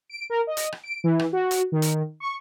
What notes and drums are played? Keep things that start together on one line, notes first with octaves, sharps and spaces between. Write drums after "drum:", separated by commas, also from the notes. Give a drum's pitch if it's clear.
D7
A#4
D#5
drum: hi-hat
drum: rim click
D7
E3
drum: rim click
F#4
drum: hi-hat
D#3
drum: hi-hat
C#6